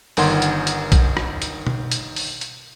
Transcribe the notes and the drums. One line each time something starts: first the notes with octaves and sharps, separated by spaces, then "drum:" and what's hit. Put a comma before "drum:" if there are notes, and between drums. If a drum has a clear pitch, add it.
G1 D#3 A#4 F#5 C6, drum: open hi-hat
drum: hi-hat
drum: hi-hat
drum: kick A#1, hi-hat
drum: rim click
drum: hi-hat
drum: tom B2
drum: hi-hat
drum: open hi-hat
drum: hi-hat